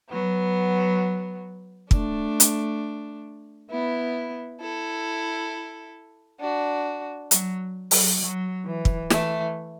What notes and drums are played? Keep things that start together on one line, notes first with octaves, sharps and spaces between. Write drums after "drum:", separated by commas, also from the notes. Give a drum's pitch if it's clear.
F#3 B3
A3 D4, drum: kick
drum: hi-hat
B3 E4
E4 A4
D4 F#4
F#3, drum: hi-hat
F#3, drum: open hi-hat
F#3
E3
drum: kick
E3 A3, drum: snare